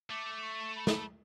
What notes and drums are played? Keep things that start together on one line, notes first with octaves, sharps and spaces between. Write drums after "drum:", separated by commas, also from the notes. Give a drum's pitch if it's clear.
A3 D6
C#6
B5
drum: snare